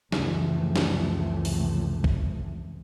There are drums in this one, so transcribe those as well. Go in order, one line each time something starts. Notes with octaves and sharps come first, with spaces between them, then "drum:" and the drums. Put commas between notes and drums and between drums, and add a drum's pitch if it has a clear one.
C#2 F#2 C3 E3 F3 A3, drum: snare
drum: snare
drum: open hi-hat
drum: kick